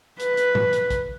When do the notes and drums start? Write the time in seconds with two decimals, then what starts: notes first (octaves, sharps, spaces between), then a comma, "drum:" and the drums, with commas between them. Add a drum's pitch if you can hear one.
0.20 B4, drum: hi-hat
0.37 drum: hi-hat
0.55 drum: tom G#2
0.73 drum: hi-hat
0.90 drum: kick, hi-hat